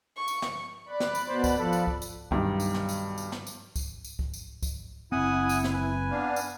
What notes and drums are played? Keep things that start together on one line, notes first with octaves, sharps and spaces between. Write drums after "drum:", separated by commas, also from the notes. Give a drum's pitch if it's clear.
C#6
drum: tambourine
drum: snare
D5 B5 F#6
drum: snare
drum: tambourine
B2 C5
drum: kick, tambourine
F3 A4
drum: tambourine
drum: kick
drum: tambourine
B1 G2 D#3, drum: kick
drum: tambourine
drum: snare
drum: tambourine
drum: tambourine
drum: snare
drum: tambourine
drum: kick, tambourine
drum: tambourine
drum: kick
drum: tambourine
drum: kick, tambourine
F#1 C4 E4 F#5 G#5 D#6
drum: tambourine
drum: snare
B4 G#5
B3 D4 F5
drum: tambourine